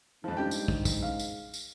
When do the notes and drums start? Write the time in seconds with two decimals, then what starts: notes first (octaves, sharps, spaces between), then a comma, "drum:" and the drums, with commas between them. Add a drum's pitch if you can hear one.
0.24 F2 G#2 F3
0.37 G2 G4 G5
0.51 drum: tambourine
0.68 drum: kick
0.85 drum: kick, tambourine
1.02 F5
1.19 drum: tambourine
1.54 drum: tambourine